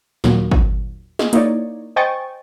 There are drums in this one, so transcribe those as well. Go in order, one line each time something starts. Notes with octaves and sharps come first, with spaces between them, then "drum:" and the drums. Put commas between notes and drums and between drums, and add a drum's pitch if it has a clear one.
D#2 A#2 F#3, drum: snare
drum: kick
G#4 D#5, drum: snare
A#3 D#4 E4 C#5 D5, drum: hi-hat
C5 D#5 G5 G#5 C#6 A6